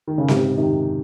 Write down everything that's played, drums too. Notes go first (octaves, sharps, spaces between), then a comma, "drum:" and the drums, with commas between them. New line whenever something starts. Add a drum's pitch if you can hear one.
D#3
C#3
G#2 C3, drum: snare C4
C3 D#3